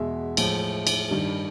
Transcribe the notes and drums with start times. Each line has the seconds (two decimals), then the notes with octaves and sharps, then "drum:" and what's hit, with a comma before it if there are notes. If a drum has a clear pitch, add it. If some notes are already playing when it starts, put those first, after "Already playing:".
Already playing: E2 B2 G#3 E5
0.37 A2 F3 G#3, drum: cymbal
0.87 drum: cymbal
1.11 G2 D#3 G3